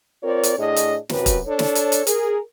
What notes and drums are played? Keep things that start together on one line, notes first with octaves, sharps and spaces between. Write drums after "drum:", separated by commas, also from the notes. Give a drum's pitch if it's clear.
C4 F4 A#4 C#5 D5
drum: hi-hat
A2 D4 G#4 C#5 D#5
drum: hi-hat
F#2 C3 F#3 F#4 B4, drum: snare
drum: kick, hi-hat
D4 A4 C#5
drum: snare
drum: hi-hat
drum: hi-hat
G#4 A#4, drum: hi-hat